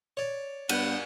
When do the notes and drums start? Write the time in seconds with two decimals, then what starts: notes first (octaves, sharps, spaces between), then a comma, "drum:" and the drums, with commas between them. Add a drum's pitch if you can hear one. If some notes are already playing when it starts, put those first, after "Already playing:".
0.17 C#5 D5
0.69 G2 B3 F#5, drum: cymbal